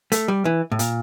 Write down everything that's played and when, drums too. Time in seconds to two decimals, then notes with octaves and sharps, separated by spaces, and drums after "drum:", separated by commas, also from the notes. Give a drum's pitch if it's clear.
0.12 A3, drum: hi-hat
0.28 G3
0.45 E3
0.72 A2
0.79 A#2, drum: hi-hat